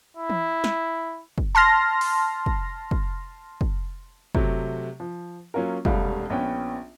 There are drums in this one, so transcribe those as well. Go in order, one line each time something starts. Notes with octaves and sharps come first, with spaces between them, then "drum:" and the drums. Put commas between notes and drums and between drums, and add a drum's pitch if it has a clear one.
E4
drum: tom E3
drum: snare
drum: kick
A5 C6 F6 A#6
drum: open hi-hat
drum: kick
drum: kick
drum: kick
C3 F#3 A3, drum: kick
F3
F#3 A#3 C#4 F4 A#4
E1 C2 G3 A3 F5, drum: kick
A#1 B3 C#4 G5